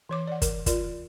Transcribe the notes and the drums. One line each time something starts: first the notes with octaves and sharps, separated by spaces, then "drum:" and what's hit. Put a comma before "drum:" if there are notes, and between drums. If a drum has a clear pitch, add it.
E3 C#5 D6
D5 F#5
A#4, drum: kick, hi-hat
F4 A#4 D5, drum: kick, hi-hat